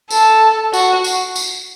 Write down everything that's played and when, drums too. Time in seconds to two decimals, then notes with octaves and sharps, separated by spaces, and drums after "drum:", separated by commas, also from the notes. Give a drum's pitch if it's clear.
0.10 A4, drum: tambourine
0.73 F#4, drum: tambourine
1.04 drum: tambourine
1.36 drum: tambourine